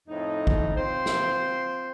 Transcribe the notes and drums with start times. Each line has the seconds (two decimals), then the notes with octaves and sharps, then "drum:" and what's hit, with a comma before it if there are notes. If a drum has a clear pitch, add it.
0.08 F2 A2 D#4
0.47 drum: kick
0.76 C4 F4 C5
1.06 drum: snare